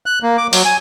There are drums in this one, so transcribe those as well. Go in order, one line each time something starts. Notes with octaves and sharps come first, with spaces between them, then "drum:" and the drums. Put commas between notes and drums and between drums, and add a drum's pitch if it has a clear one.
F#6
A#3
D6
F#3, drum: open hi-hat
G#5